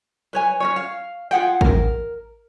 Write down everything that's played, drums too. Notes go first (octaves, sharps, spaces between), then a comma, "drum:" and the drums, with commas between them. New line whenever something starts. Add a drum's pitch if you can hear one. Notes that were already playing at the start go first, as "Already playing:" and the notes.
B4 C#5 G#5
C#4 D4 C#5
F5
F4 G#4 F#5 G5
A#4, drum: kick A1